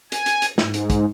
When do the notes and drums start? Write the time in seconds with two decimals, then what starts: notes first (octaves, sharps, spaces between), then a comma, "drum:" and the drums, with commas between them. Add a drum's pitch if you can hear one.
0.12 G#5, drum: hi-hat
0.26 drum: hi-hat
0.42 drum: hi-hat
0.58 G#2, drum: snare
0.74 drum: hi-hat
0.90 drum: kick, hi-hat